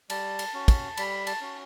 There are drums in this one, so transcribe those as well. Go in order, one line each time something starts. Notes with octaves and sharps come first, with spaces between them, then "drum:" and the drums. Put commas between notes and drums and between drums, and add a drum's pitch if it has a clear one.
G3 A5, drum: cymbal
drum: cymbal
C#4 F#4
drum: kick, cymbal
G3 B5, drum: cymbal
A5, drum: cymbal
C#4 F#4